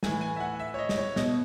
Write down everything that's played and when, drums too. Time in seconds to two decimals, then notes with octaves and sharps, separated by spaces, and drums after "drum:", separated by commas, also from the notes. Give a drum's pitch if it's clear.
0.03 A2 E3 G#5, drum: snare
0.21 G#5
0.36 E5
0.40 F#5
0.59 E5
0.74 C#5
0.79 D#5
0.89 D#5, drum: snare
0.98 C#5
1.16 B2 D#5, drum: snare